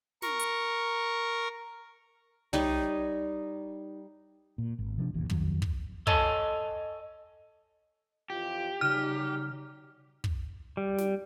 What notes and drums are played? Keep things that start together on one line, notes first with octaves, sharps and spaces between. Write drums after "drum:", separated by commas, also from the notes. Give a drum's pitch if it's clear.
A#4 C#6, drum: snare
drum: hi-hat
G3 D#4 C#5 D#5, drum: tom
A#2
G#1
C3 F3 C4 D4
E1 A1 D#2 E3
F2 D#3 F#3, drum: kick
drum: kick
A4 C#5 D#5 G#5 A5, drum: kick
F2 E3 F4 G4
C#3 F#3 G3 D#4 F6
drum: kick
G3
drum: snare